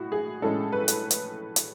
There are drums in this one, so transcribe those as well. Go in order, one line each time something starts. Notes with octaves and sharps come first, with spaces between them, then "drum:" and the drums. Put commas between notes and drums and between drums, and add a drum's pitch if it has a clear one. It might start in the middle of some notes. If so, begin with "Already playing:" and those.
Already playing: A2 F#4
G#4
A2 G#3 C#4 A4
B4
drum: hi-hat
drum: hi-hat
drum: hi-hat